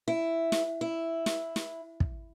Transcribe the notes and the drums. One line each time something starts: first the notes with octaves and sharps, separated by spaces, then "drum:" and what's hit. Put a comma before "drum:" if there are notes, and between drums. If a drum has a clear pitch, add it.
E4
drum: snare
E4
drum: snare
drum: snare
drum: kick